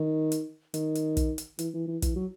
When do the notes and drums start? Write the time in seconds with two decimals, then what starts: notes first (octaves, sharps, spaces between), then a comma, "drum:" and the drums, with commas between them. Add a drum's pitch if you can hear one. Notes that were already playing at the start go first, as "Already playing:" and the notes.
Already playing: D#3
0.32 drum: hi-hat
0.74 D#3, drum: hi-hat
0.95 drum: hi-hat
1.17 drum: kick, hi-hat
1.38 drum: hi-hat
1.59 E3, drum: hi-hat
1.74 E3
1.87 E3
2.02 E3, drum: kick, hi-hat
2.16 F#3